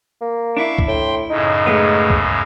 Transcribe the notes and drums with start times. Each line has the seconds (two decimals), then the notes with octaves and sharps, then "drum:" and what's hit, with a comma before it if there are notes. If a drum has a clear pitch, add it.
0.21 A#3
0.57 D4 E4 E5 F5 C#6
0.79 drum: kick C2
0.88 A2 G5 C6
1.30 F#2 A2 C#3 D#4
1.67 G#3 A3 B3
2.10 drum: kick C2